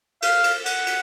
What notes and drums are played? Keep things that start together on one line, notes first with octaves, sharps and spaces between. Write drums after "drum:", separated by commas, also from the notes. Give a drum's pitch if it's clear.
F5, drum: cymbal
drum: cymbal
F#5, drum: cymbal
drum: cymbal